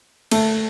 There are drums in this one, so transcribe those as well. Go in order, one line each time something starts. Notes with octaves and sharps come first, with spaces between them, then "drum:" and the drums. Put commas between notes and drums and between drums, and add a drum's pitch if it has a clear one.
A3, drum: cymbal